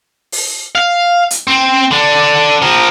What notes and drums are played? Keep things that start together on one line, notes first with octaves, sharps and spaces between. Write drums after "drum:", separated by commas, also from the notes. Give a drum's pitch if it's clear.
drum: open hi-hat
F5
drum: hi-hat
C4
D3 D4
F3 A#4